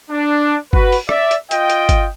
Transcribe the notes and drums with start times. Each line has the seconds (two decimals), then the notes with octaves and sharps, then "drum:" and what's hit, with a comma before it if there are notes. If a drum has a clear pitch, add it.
0.11 D4
0.73 F#4 B4, drum: kick G1
0.92 drum: open hi-hat
1.09 D5 E5, drum: rim click
1.31 drum: hi-hat
1.51 F4 D#5 G5, drum: hi-hat
1.70 drum: hi-hat
1.89 drum: kick G1, hi-hat